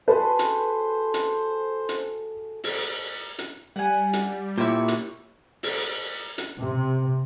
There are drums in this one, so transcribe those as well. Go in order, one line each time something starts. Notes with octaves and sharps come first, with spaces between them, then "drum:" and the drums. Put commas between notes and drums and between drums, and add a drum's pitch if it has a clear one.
F#4 G#4 A4 B4 C5
drum: hi-hat
drum: hi-hat
drum: hi-hat
drum: open hi-hat
drum: hi-hat
G3 F#5 G#5
drum: hi-hat
A#2 E4 G4 C#5 E6
drum: hi-hat
drum: open hi-hat
drum: hi-hat
C3